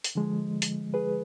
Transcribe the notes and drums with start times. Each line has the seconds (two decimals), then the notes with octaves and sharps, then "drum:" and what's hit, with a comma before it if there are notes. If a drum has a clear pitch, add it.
0.04 drum: hi-hat
0.15 D3 F3 G#3
0.62 drum: hi-hat
0.94 G#4 B4